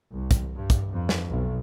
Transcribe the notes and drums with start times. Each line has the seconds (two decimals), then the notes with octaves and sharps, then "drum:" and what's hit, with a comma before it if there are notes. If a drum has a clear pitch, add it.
0.11 C2
0.31 drum: kick, hi-hat
0.56 G2
0.70 drum: kick, hi-hat
0.93 F2
1.09 drum: snare
1.28 B1